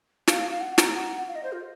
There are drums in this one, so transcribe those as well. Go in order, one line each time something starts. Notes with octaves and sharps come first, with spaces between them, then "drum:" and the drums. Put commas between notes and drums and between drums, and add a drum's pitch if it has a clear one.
F5, drum: snare
F5
F#5
A#5, drum: snare
F#5
F5
D#5
C5
F4